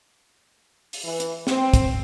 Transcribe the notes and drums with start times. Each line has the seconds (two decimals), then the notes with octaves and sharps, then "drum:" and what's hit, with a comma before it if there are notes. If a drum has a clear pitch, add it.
0.93 drum: open hi-hat
1.04 E3
1.20 drum: hi-hat
1.47 C4, drum: snare
1.74 drum: kick, hi-hat